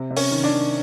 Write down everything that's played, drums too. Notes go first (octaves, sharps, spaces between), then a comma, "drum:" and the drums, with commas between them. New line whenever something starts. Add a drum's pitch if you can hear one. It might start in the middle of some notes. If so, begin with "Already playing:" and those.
Already playing: C3
C3
C#4, drum: open hi-hat
D#3
D4
D#3